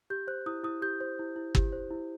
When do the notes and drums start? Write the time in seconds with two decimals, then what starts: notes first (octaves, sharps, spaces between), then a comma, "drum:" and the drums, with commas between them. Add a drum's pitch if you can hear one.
0.10 G4 G6
0.27 C5 F#6
0.46 E4 D#6
0.64 E4 D#6
0.82 G4 G6
1.01 C5
1.19 E4
1.36 E4
1.55 G4, drum: kick
1.73 C5
1.90 E4